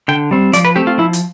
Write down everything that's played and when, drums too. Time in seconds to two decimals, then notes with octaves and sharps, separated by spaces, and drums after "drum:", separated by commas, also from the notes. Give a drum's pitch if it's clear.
0.08 D3 G5
0.31 G3 C4
0.53 F3 D5, drum: hi-hat
0.65 B4
0.76 A3 C4 G4
0.87 F4
0.98 F3 E4
1.13 drum: hi-hat